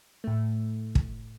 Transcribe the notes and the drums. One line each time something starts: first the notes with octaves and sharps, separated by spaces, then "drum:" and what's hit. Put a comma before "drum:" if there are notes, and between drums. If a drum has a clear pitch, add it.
A2 A3
drum: kick